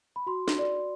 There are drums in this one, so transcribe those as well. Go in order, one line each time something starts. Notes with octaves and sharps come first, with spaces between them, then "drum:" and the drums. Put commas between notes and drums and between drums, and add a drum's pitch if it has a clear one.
B5
F#4 C6
drum: snare
D5